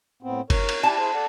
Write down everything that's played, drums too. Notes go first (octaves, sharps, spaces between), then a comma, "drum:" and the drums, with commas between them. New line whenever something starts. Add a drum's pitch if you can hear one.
A2 B3 C4
A#4 C#5, drum: kick F#1, cymbal
drum: cymbal
E4 G4 D5 A5
E4 G#4 C5
A4 D5 F#5